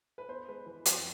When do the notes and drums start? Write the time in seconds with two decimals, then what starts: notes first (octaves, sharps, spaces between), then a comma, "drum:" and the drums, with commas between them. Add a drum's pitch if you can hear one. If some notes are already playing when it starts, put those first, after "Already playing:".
0.18 B4
0.29 B3 C5
0.48 G#3 B4
0.66 E3 B4
0.85 F2, drum: hi-hat